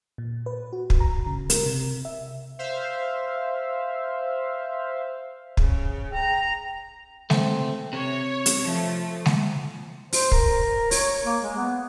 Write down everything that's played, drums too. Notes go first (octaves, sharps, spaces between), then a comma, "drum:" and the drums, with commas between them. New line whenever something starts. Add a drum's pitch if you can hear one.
A#2
B4
F#4
drum: kick
A#5
C#3
A#4, drum: hi-hat
C3
E5
C5 E5 F5
C#3, drum: kick
G5 A#5
A3 C4, drum: snare
C3 C#5
drum: hi-hat
F3 A3
drum: snare
C5, drum: open hi-hat
A#4, drum: kick
C#5, drum: open hi-hat
A#3
G#3
B3